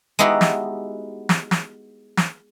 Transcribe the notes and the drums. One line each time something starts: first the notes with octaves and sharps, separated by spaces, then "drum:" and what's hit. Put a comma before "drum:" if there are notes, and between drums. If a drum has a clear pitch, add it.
G#3 B3 D#4 E4 F#4 G4
drum: snare
drum: snare
drum: snare
drum: snare